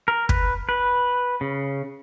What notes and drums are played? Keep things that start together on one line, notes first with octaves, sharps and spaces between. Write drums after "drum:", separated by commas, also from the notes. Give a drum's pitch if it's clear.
A#4
B4, drum: kick
B4
C#3